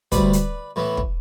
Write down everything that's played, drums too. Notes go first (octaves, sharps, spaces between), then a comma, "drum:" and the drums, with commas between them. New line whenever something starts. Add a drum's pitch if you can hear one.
D2 C3 G3 B4 D5, drum: kick, hi-hat
drum: hi-hat
A2 E3 B3
drum: kick